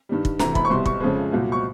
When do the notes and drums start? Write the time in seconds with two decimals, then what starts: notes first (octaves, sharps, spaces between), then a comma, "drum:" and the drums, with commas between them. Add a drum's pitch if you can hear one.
0.09 G2 D#3 G3
0.25 drum: kick
0.39 D2 C3 E3 A#5, drum: snare
0.55 B5, drum: kick
0.65 C#6
0.70 C2 B2 G3 C6
0.86 C#6, drum: kick
1.00 F2 C#3 F3 G#3
1.32 C2 A#2 F#3
1.52 C#6